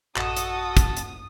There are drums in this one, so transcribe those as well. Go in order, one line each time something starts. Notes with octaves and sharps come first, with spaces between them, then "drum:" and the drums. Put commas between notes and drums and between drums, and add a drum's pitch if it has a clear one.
A1 F#2 F#4 A4 D#5 D#6, drum: clap
drum: hi-hat
drum: kick, hi-hat
drum: hi-hat